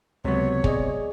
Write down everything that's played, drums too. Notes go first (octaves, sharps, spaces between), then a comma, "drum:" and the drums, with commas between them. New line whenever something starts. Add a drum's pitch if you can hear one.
C#2 C3 F#3 B3 C#5
G#4 D5 D#5, drum: kick